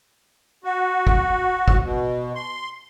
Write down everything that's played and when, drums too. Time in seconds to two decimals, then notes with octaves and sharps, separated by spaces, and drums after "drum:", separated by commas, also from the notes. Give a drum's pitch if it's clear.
0.64 F#4
1.07 drum: kick
1.68 drum: kick
1.83 B2
2.36 C6